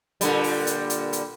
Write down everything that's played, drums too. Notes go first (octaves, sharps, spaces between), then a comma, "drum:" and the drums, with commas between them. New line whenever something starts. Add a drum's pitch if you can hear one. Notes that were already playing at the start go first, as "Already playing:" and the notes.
A#2 D3 G3, drum: hi-hat
drum: open hi-hat
drum: hi-hat
drum: hi-hat
drum: hi-hat